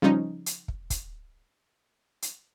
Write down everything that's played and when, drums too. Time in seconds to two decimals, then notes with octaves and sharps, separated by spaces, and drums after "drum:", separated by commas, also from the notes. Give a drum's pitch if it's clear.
0.02 C#3 F3 G3 C#4 D#4
0.46 drum: hi-hat
0.68 drum: kick
0.90 drum: kick, hi-hat
2.22 drum: hi-hat